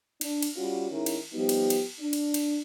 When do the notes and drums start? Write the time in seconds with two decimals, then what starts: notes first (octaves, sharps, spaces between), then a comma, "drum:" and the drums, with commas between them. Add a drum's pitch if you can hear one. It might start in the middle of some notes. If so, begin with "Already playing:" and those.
0.21 D4, drum: cymbal
0.42 drum: cymbal
0.56 G3 C#4 F4 F#4
0.89 D#3 G#3 C#4 E4
1.06 drum: cymbal
1.33 F3 G3 B3 D#4 G4
1.49 drum: cymbal
1.70 drum: cymbal
2.00 D4
2.13 drum: cymbal
2.34 drum: cymbal